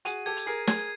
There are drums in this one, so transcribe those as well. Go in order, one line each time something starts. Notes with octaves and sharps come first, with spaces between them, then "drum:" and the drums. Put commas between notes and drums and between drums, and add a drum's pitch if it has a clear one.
F#4 G#4 D#7, drum: hi-hat
G4 A4 G#6
drum: hi-hat
G#4 A#4 C7
G#4 A#4 G#6, drum: snare